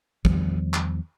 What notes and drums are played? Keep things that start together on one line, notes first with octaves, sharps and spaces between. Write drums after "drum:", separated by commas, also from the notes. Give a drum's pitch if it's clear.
E2 D#3 F3 G3, drum: kick
drum: clap